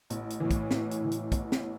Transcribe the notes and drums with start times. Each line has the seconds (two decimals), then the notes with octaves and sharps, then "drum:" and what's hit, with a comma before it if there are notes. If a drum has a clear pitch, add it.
0.10 A1, drum: hi-hat
0.30 drum: hi-hat
0.40 A2 E3
0.51 drum: kick, hi-hat
0.71 A1, drum: snare
0.91 drum: hi-hat
1.01 A2 E3
1.11 drum: hi-hat
1.32 A1, drum: kick, hi-hat
1.52 drum: snare
1.62 A2